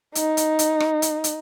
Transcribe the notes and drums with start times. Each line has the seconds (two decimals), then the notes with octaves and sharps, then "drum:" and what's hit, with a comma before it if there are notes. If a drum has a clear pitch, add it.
0.15 D#4, drum: hi-hat
0.37 drum: hi-hat
0.59 drum: hi-hat
0.80 drum: rim click
1.02 drum: hi-hat
1.24 drum: hi-hat